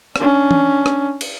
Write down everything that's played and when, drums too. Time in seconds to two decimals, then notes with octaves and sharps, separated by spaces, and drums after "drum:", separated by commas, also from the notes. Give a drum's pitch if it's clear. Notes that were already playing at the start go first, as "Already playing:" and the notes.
0.16 C#4 D4, drum: rim click
0.51 drum: tom E3
0.86 drum: rim click
1.21 drum: cymbal